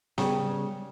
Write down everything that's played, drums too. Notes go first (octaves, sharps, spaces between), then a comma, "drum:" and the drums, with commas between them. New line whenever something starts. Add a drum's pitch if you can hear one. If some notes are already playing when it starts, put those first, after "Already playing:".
C#3 G3, drum: snare B3